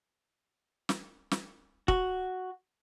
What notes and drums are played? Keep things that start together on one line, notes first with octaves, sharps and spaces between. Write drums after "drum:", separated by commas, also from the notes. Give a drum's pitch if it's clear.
drum: snare
drum: snare
F#4, drum: kick